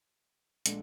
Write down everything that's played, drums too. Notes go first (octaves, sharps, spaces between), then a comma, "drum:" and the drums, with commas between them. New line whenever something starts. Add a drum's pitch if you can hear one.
A#1 G#3 A3 D4, drum: hi-hat